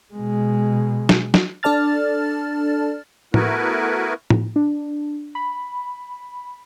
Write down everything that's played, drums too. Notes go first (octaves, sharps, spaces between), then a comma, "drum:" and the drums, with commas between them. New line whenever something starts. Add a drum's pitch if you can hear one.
B2 G#3
drum: snare
drum: snare
D4 A4 D5 A5 F6 A6
A3 B3 E4 F#4 A#4 B4, drum: tom A2
drum: tom A2
D4
B5